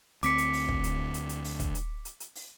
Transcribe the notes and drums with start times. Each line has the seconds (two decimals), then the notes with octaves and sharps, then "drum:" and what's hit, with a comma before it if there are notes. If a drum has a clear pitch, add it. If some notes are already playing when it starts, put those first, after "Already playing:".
0.23 D2 C4 D6 B6 C#7, drum: hi-hat
0.38 drum: hi-hat
0.53 drum: open hi-hat
0.68 drum: kick
0.84 drum: hi-hat
1.14 drum: hi-hat
1.29 drum: hi-hat
1.44 drum: open hi-hat
1.60 drum: kick, hi-hat
1.75 drum: hi-hat
2.05 drum: hi-hat
2.20 drum: hi-hat
2.35 drum: open hi-hat